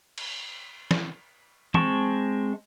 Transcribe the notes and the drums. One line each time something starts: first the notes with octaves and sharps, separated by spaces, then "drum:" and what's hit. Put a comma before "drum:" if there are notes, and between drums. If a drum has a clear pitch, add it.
drum: cymbal
drum: snare
G#3 C4 A5 C#6, drum: tom